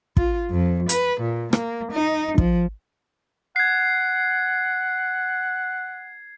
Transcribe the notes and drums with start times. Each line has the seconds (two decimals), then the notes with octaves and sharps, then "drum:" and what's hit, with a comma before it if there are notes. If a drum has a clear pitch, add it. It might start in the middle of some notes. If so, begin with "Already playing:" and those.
0.17 F4, drum: kick
0.50 F2
0.89 B4, drum: hi-hat
1.20 A#2
1.53 A#3, drum: rim click
1.92 D#4
2.38 F3, drum: kick
3.56 F#5 G#6 C7